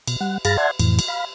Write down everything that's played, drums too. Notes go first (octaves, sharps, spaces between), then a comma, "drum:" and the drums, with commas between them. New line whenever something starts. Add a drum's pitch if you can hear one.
B2, drum: cymbal
G3 F#5
G2 G#4 F5 B5 A6 A#6, drum: cymbal
D5 E5 F#5 A5 C6 G#6
F2 A2 E3, drum: cymbal
drum: cymbal
F5 B5